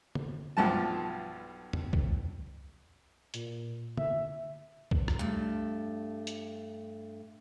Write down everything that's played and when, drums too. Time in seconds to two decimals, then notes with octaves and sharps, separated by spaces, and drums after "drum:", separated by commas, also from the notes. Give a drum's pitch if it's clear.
0.15 drum: tom
0.57 B1 G2 F3 A5
1.73 drum: tom
1.93 drum: kick
3.34 A#2, drum: hi-hat
3.97 E5, drum: tom
4.91 drum: kick
5.08 drum: rim click
5.19 G2 A3
6.27 drum: hi-hat